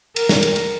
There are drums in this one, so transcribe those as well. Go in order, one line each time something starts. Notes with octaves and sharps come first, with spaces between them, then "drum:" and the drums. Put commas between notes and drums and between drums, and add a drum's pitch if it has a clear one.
A#4, drum: cymbal
drum: snare
drum: cymbal
drum: cymbal